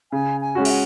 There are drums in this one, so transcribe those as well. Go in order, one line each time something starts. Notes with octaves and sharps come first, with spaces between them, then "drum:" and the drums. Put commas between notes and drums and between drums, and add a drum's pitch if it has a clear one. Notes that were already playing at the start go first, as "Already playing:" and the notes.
C#3 G#5
G#5
G#3 C#4 F#4
E5, drum: cymbal
F#5